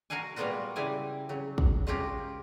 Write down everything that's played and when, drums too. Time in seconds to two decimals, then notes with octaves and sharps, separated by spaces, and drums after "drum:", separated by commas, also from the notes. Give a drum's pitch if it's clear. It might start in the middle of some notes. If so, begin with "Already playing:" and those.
0.10 F#4 A#4 F5 F#5 G#5
0.36 G3 G#3 A#3 B3 F4 F#4
0.76 C#3 G3 E4 C5 D5 G#5
1.29 C#3 F#3
1.58 drum: kick
1.87 G#3 C#4 F4 G4 A#4